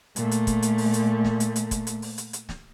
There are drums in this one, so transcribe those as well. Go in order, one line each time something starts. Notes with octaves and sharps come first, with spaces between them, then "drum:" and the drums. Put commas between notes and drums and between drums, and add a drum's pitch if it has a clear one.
A#2 A3, drum: hi-hat
drum: hi-hat
drum: kick, hi-hat
drum: hi-hat
drum: open hi-hat
drum: hi-hat
drum: snare
drum: hi-hat
drum: hi-hat
drum: kick, hi-hat
drum: hi-hat
drum: open hi-hat
drum: hi-hat
drum: hi-hat
drum: snare